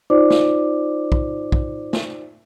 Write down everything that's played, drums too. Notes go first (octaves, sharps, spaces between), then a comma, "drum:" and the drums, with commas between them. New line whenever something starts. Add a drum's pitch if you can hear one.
D#4 F4 C5 D5 D6
drum: snare
drum: kick
drum: kick
drum: snare